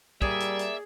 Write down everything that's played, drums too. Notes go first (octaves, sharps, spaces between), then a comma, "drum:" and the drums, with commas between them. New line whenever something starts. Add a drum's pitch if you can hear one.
G3 A#3 G#4 D5 E5, drum: kick
drum: hi-hat
drum: hi-hat